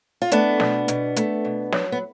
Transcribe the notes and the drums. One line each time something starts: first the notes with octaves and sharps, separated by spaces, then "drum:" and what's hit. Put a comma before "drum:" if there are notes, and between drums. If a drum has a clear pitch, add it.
F4
A3 B3 D4, drum: hi-hat
B2, drum: snare
B2, drum: hi-hat
A3, drum: hi-hat
B2
F#3, drum: snare
B3